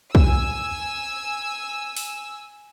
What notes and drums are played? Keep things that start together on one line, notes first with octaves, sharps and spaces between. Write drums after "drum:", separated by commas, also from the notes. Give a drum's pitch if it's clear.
G#5 E6, drum: kick
drum: open hi-hat